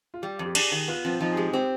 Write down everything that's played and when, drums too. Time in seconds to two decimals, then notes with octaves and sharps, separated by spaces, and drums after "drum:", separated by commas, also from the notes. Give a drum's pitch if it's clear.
0.14 F4
0.22 G3 G4
0.39 F2
0.46 G4
0.55 D4 G#4, drum: cymbal
0.72 D#3
0.88 B3 F4
1.05 F3 C4
1.21 F3 D#4
1.32 G#4
1.37 G#3 G4
1.53 C4 G4